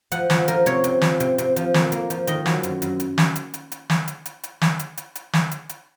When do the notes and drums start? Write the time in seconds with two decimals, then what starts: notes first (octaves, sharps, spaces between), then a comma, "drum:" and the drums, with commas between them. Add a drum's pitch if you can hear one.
0.12 F3 F#5, drum: hi-hat
0.30 F3 F#5, drum: snare
0.48 F3 A#4, drum: hi-hat
0.66 C3 C#5, drum: hi-hat
0.84 C3, drum: hi-hat
1.01 F3, drum: snare
1.20 C3, drum: hi-hat
1.38 C3, drum: hi-hat
1.56 F3, drum: hi-hat
1.74 A#3, drum: snare
1.92 A#3, drum: hi-hat
2.10 F3, drum: hi-hat
2.27 D#3 D#5, drum: hi-hat
2.46 F#3, drum: snare
2.63 F#2, drum: hi-hat
2.82 F#2, drum: hi-hat
3.00 drum: hi-hat
3.18 drum: snare
3.36 drum: hi-hat
3.54 drum: hi-hat
3.72 drum: hi-hat
3.90 drum: snare
4.08 drum: hi-hat
4.26 drum: hi-hat
4.44 drum: hi-hat
4.62 drum: snare
4.79 drum: hi-hat
4.97 drum: hi-hat
5.15 drum: hi-hat
5.33 drum: snare
5.51 drum: hi-hat
5.69 drum: hi-hat